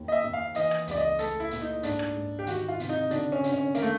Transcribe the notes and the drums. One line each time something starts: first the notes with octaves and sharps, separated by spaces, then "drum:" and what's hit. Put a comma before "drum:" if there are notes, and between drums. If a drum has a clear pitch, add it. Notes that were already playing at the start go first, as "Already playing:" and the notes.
Already playing: D#2
D#5
E5
D#2
F5
E3 D#5, drum: hi-hat
drum: rim click
C#2 D5, drum: hi-hat
D#5
A3 A4, drum: hi-hat
E4
A#2, drum: hi-hat
D#4
G#2 D4, drum: hi-hat
drum: rim click
G#2
G4
D#3 F#4, drum: hi-hat
F4
C3, drum: hi-hat
D#4
D3 D4, drum: hi-hat
C#4
D3, drum: hi-hat
C#4
D#3 A#3, drum: hi-hat
A3